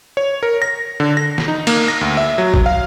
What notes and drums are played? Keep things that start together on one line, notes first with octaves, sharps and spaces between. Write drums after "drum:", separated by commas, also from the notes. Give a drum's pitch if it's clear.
C#5
A#4
A#6
D3
A#6
drum: snare
D#4
A#3, drum: cymbal
A#6
D2
E5
F#3
drum: kick
F5